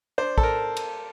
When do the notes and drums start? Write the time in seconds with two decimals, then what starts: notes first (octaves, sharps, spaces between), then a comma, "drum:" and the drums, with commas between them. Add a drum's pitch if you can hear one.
0.18 D4 C5
0.38 A4, drum: kick
0.43 A#4
0.77 drum: cymbal